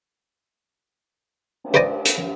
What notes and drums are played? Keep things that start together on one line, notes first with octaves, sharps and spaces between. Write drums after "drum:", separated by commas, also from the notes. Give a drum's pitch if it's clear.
drum: cymbal
B4 C5 D5 D#5 G#5
drum: hi-hat